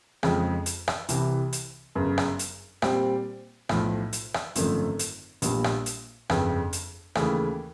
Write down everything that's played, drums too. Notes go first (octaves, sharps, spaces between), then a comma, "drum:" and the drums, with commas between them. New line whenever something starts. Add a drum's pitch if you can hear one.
F2 C#3 F3 G#3, drum: rim click
drum: hi-hat
drum: rim click
C2 C3 E3, drum: hi-hat
drum: hi-hat
G1 F#2 C#3
drum: rim click
drum: hi-hat
A#2 G3 C4, drum: rim click
B1 A2 F3, drum: rim click
drum: hi-hat
drum: rim click
G#1 F#2 D3 F3 A3, drum: hi-hat
drum: hi-hat
A#1 A#2 G3 B3, drum: hi-hat
drum: rim click
drum: hi-hat
G1 F2 C#3, drum: rim click
drum: hi-hat
D#2 C#3 E3 A3, drum: rim click